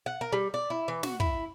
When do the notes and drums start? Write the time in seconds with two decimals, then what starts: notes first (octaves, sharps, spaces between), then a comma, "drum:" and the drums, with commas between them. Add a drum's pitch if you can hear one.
0.06 F#5
0.21 A#4
0.33 G3
0.54 D5
0.70 E4
0.88 E3
1.03 F#4, drum: snare
1.20 E4, drum: kick